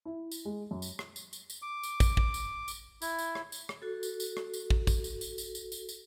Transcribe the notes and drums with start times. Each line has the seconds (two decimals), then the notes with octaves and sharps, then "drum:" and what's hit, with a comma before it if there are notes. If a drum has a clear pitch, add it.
0.05 E4
0.31 drum: tambourine
0.45 G#3
0.71 F#2
0.82 drum: tambourine
0.99 drum: rim click
1.16 drum: tambourine
1.33 drum: tambourine
1.50 drum: tambourine
1.62 D6
1.83 drum: tambourine
2.00 drum: kick, tambourine
2.17 drum: kick
2.34 drum: tambourine
2.68 drum: tambourine
3.02 E4, drum: tambourine
3.18 drum: tambourine
3.35 drum: rim click
3.52 drum: tambourine
3.69 drum: rim click
3.82 F#4 A4
4.03 drum: tambourine
4.20 drum: tambourine
4.37 drum: rim click
4.54 drum: tambourine
4.70 drum: kick
4.87 drum: kick, tambourine
5.04 drum: tambourine
5.21 drum: tambourine
5.38 drum: tambourine
5.55 drum: tambourine
5.72 drum: tambourine
5.89 drum: tambourine